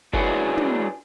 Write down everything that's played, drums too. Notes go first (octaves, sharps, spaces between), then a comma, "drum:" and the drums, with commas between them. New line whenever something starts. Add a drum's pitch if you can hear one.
D4 E4 F#4 G#4 B4 C#5, drum: kick
drum: tom